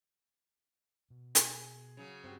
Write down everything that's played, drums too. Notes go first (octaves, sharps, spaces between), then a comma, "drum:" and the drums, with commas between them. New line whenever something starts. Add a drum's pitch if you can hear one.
B2
G#4 G#5, drum: hi-hat
C#3 F#3
G2 C4 F#4 G4